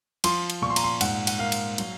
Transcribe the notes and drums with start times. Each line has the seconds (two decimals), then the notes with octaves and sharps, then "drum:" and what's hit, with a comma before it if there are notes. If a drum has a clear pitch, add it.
0.24 F3 C6, drum: cymbal
0.50 drum: cymbal
0.62 A#2 C#6
0.70 C6
0.76 A#5, drum: cymbal
0.84 C6
1.01 G#2 F#5, drum: cymbal
1.27 F#5, drum: cymbal
1.39 A#3 F5
1.52 drum: cymbal
1.78 F#3, drum: cymbal